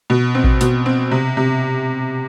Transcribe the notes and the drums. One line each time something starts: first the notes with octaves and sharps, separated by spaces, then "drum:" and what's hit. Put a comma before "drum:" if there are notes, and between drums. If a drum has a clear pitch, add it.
B2
C4
drum: kick A1
B2, drum: hi-hat
C4
C3
C3